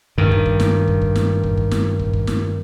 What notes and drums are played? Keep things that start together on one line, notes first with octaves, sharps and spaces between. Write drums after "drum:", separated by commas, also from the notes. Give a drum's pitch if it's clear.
G2 D#3
drum: kick
drum: kick
drum: snare
drum: kick
drum: kick
drum: snare
drum: kick
drum: kick
drum: snare
drum: kick
drum: kick
drum: snare